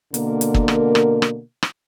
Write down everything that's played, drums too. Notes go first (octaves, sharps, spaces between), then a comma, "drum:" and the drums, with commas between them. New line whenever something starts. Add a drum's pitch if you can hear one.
B2 D3 A#3 A#4, drum: hi-hat
drum: hi-hat
drum: kick
drum: rim click
drum: rim click
drum: rim click
drum: rim click